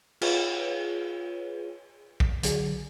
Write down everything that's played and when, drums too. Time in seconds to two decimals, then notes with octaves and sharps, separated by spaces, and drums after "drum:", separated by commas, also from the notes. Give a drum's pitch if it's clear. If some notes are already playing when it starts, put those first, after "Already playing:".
0.22 F4 G#4 B4 C#5, drum: cymbal
2.20 drum: kick A#1
2.43 D3 F#3 G#4, drum: hi-hat